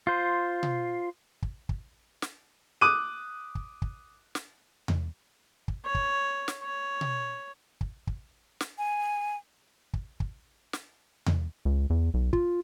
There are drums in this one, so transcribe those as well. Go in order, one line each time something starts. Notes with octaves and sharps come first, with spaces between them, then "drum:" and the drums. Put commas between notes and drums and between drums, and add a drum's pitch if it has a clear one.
F4 C5
drum: tom B2
drum: kick
drum: kick
drum: snare
D6 D#6 F#6 D#7
drum: kick
drum: kick
drum: snare
drum: tom E2
drum: kick
C#5
drum: kick
drum: snare
C#5
drum: tom B2
drum: kick
drum: kick
drum: snare
G#5
drum: kick
drum: kick
drum: snare
drum: tom E2
C#2
E2
B1
F4, drum: kick